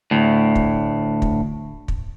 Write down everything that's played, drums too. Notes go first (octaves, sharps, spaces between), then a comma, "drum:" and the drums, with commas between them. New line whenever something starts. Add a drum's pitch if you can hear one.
D2 A2
drum: kick
drum: kick
drum: kick